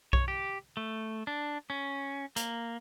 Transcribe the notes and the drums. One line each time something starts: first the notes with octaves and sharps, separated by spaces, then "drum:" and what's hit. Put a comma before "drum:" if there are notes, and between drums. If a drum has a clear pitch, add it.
C#5, drum: kick B1
G4
A3
D4
C#4
A#3, drum: hi-hat